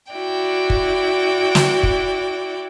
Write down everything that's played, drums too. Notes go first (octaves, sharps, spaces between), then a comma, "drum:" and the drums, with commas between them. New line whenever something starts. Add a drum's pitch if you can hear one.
E4 F#4 D5 G5
drum: kick
drum: snare
drum: kick